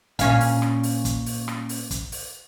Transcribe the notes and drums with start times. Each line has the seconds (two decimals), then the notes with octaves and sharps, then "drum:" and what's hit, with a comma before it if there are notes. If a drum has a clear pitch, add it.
0.19 A#2 C#4 F5, drum: kick, hi-hat
0.40 drum: open hi-hat
0.62 drum: rim click
0.83 drum: open hi-hat
1.05 drum: kick, hi-hat
1.26 drum: open hi-hat
1.48 drum: rim click
1.69 drum: open hi-hat
1.91 drum: kick, hi-hat
2.12 drum: open hi-hat